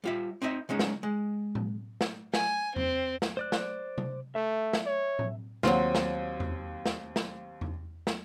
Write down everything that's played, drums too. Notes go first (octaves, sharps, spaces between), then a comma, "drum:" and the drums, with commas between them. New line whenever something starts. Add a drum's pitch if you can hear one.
G3 F4 E5
C4 D#4 D#5 E5
C#3 G#3 C#4 D#4
drum: snare
G#3
drum: tom A2
drum: snare
G#5, drum: snare
C4, drum: tom E2
drum: snare
C5 D5 F#6
drum: snare
drum: tom C3
A3 E5
drum: snare
C#5
drum: tom A2
D#2 F#3 C4 F4, drum: snare
drum: snare
drum: tom E2
drum: snare
drum: snare
drum: tom E2
drum: snare